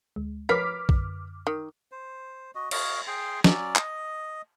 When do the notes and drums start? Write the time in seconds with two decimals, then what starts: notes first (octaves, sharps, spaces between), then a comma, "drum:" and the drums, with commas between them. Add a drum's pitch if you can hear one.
0.16 D2 G#3
0.49 F3 A#4 B4 C#5 D6 F6 B6 C7
0.89 F#2 D3, drum: kick A#1
1.47 D#3
1.92 C5
2.55 F#4 D#5
2.71 F#4 D#5 F5, drum: cymbal
3.07 G#4 G5 C6
3.44 F#3 C#4 D5, drum: snare
3.76 D#5, drum: clap